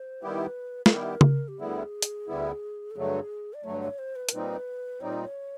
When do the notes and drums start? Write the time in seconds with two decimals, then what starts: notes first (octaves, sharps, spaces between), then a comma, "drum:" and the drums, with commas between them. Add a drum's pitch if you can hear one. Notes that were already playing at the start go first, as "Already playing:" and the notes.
Already playing: C5
0.23 D#3 G3 B3 E4 G4 B4
0.86 B4, drum: snare
0.91 D#3 G3 B3 E4 G4 A#4
1.21 drum: tom C#3
1.48 G4
1.59 D2 D3 G3 B3 E4 G#4
2.02 drum: hi-hat
2.28 D2 D3 G3 B3 E4
2.91 A4
2.96 G2 D3 F#3 A3 G#4
3.54 D5
3.64 G2 D3 F#3 A3 C#5
3.81 C#5
3.99 C5
4.16 B4
4.29 A#4, drum: hi-hat
4.32 A#2 G3 C4 D#4 B4
5.01 A#2 G3 C4 D#4 C#5
5.12 D5
5.24 C#5